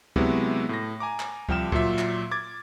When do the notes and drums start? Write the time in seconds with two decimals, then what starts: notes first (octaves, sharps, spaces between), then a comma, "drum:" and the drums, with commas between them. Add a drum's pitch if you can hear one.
0.16 C3 F#3 G#3 B3 E4 F#4, drum: kick C#2
0.69 A2 A#6
1.00 G#5 A#5 D6
1.20 drum: clap
1.49 C2 F3 G5 F6 E7, drum: kick C#2
1.72 A#2 F#3 F4 E5, drum: kick C#2
1.98 drum: clap
2.31 D6 G#6 A6